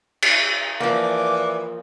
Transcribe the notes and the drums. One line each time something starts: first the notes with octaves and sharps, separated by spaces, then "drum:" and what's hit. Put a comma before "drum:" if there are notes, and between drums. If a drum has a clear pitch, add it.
drum: cymbal
E3 F3 A#3 D5 D6